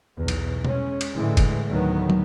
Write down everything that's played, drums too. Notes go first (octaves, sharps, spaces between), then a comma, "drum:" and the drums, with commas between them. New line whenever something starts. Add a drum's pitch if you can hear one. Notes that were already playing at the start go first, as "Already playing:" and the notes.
B1 E2
drum: cymbal
G#3 C#4, drum: tom B2
drum: cymbal
A2 D3 E3 G#3
drum: kick F#1, cymbal
D2 A2 D#3 F#3 B3
drum: tom